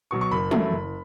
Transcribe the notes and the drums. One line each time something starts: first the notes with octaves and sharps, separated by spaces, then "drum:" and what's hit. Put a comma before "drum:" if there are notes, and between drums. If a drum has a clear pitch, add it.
B2 F#3 C#6
C#6
F#1 B5
F#2 E3 A3 E4, drum: tom
F#1